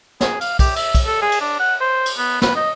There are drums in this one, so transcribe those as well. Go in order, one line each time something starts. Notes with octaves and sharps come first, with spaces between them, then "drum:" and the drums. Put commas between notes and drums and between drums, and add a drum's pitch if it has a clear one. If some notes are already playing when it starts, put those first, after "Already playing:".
G#4, drum: snare
F5, drum: cymbal
G4, drum: kick, cymbal
E5, drum: cymbal
drum: kick, cymbal
A4
G#4
drum: cymbal
D4
F#5
C5
drum: cymbal
B3
B4, drum: snare
D#5